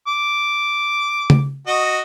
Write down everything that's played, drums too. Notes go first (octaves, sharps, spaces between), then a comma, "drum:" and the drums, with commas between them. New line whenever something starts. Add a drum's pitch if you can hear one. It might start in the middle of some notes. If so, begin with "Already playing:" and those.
D6
drum: tom C#3
F#4 D#5